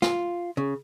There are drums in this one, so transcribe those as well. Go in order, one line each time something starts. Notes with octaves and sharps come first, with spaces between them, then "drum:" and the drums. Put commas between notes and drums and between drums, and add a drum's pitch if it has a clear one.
F4, drum: snare
C#3